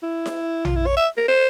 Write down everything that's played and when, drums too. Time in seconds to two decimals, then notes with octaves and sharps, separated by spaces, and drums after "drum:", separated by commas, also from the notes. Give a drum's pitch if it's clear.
0.02 E4
0.26 drum: snare E4
0.65 F4, drum: tom A#1
0.76 E4
0.86 C#5
0.97 E5
1.17 A#4
1.28 C5